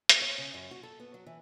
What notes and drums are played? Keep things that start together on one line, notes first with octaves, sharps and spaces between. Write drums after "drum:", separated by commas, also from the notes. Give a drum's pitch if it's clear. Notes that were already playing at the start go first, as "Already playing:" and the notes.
G#4, drum: hi-hat
C#5
C#3
F#2
F#4
A4
B3
F#3
E3